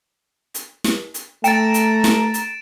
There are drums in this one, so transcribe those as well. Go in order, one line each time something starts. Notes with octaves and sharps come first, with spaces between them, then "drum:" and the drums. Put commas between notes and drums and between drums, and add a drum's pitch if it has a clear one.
drum: hi-hat
drum: snare
drum: hi-hat
A3 G5 A#5 A6 D7 E7, drum: hi-hat
drum: hi-hat
drum: snare
drum: hi-hat